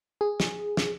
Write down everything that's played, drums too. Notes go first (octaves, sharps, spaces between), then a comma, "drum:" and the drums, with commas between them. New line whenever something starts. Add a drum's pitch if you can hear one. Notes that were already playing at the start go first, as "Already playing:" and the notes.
G#4
drum: snare
drum: snare